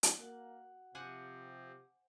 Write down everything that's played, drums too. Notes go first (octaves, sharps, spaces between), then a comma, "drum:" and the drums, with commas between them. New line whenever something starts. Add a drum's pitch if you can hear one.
drum: hi-hat
A#3 F#4 F#5
C3 F3 C4 C5 F#5 G#5 D6